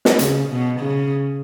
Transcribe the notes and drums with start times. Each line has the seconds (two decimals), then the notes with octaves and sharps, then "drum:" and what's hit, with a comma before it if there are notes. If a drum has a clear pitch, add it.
0.05 drum: snare
0.19 C#3, drum: hi-hat
0.49 B2
0.79 C#3